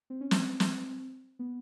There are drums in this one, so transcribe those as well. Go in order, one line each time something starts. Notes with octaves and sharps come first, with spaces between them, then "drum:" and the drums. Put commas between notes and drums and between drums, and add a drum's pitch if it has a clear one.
C4
C#4
C4, drum: snare
drum: snare
B3